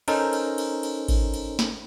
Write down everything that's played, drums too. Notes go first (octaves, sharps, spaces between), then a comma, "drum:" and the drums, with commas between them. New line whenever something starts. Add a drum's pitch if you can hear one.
C#4 D#4 A4 A#4 C5, drum: cymbal
drum: cymbal
drum: cymbal
drum: cymbal
drum: kick G#1, cymbal
drum: cymbal
drum: snare